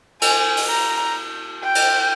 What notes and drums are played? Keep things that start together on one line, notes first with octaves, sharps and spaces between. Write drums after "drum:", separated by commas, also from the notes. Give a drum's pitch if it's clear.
G#5, drum: cymbal
drum: open hi-hat
A#5
G5
drum: cymbal